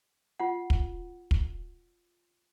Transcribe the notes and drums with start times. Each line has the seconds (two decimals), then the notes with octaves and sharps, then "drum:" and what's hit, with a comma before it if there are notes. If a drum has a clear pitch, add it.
0.40 F4 F#5
0.70 drum: kick
1.31 drum: kick